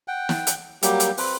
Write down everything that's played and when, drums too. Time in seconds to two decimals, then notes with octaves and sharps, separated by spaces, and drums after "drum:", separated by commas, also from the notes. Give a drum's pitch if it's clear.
0.08 F#5 G5
0.29 drum: snare
0.47 drum: hi-hat
0.83 F#3 G3 A#3 G4, drum: hi-hat
1.00 drum: hi-hat
1.17 C4 B4, drum: open hi-hat